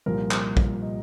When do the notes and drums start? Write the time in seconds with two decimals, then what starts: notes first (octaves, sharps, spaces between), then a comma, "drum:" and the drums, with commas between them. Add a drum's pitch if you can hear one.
0.06 C2 A#2 F3 A#4
0.31 drum: clap
0.57 drum: kick
0.82 D#5